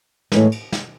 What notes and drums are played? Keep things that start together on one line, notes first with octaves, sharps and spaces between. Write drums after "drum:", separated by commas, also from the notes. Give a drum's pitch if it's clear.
A2 E3 G#3, drum: snare
drum: cymbal
drum: snare